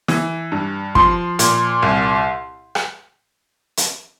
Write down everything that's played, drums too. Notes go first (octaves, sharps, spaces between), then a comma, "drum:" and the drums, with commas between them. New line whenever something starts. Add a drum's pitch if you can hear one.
E3, drum: snare
G2
F3 C6, drum: kick
A#2, drum: hi-hat
C2
drum: rim click
drum: hi-hat